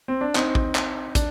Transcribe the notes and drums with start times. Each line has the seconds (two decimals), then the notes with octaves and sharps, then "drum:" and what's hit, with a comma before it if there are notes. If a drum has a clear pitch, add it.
0.08 C4
0.21 D4
0.35 C4 D#4, drum: clap
0.55 drum: kick
0.75 drum: clap
1.15 D4, drum: kick, hi-hat